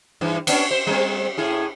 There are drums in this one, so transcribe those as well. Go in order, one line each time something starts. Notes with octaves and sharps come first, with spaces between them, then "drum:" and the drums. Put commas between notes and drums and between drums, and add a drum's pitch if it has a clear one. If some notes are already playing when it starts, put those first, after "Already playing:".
G2 E3
B3 C#4 D4, drum: cymbal
C5
G3 A3 C4
A2 E4 G#4